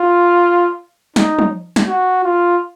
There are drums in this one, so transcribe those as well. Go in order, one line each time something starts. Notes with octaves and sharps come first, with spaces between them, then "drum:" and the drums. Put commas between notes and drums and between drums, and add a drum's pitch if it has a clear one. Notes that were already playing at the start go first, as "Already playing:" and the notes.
Already playing: F4
D#4, drum: snare
drum: tom
drum: snare
F#4
F4